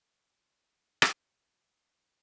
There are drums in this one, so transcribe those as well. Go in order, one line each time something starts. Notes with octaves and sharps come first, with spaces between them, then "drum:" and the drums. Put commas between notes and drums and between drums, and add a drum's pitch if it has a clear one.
F4
G4 C#5 E5
drum: rim click
C6 F#6
D4 F4 G4 A4 D5 D#5
F#2 C#4 D4 F#4